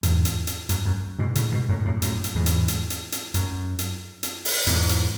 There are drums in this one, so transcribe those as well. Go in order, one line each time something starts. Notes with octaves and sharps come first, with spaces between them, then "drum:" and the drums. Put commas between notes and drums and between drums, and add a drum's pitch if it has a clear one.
E2 G#2, drum: hi-hat
drum: hi-hat
drum: hi-hat
F#2, drum: hi-hat
F#2
G#2 B2
A2 C#3, drum: hi-hat
G#2 B2
F#2 A2
F#2 A2
F#2 A2, drum: hi-hat
drum: hi-hat
E2 G#2
drum: hi-hat
drum: hi-hat
drum: hi-hat
drum: hi-hat
F#2, drum: hi-hat
drum: hi-hat
drum: hi-hat
drum: open hi-hat
E2 G#2, drum: hi-hat
drum: hi-hat